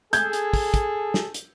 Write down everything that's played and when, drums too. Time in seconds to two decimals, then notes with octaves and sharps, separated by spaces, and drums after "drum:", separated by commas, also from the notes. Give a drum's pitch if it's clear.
0.13 G#4 A4 G6 G#6, drum: hi-hat
0.33 drum: hi-hat
0.53 drum: kick, open hi-hat
0.74 drum: kick, hi-hat
1.14 drum: snare
1.34 drum: hi-hat